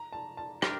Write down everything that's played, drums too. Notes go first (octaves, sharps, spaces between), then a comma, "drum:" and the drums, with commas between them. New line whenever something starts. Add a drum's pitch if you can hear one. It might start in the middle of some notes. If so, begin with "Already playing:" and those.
Already playing: A#5
A5
A5
D4 G4 A#4, drum: rim click